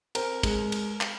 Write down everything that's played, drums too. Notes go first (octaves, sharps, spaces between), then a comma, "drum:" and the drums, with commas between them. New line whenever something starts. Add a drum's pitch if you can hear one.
C4 A#4, drum: cymbal
G#3, drum: kick, cymbal
drum: cymbal
drum: clap